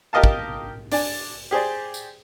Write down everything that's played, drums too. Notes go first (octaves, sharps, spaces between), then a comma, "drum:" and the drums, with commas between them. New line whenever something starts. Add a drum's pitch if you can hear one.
G4 A#4 D#5 F5 A5
drum: kick
D4 D5 G#5, drum: open hi-hat
G4 G#4 C5 D5
drum: tambourine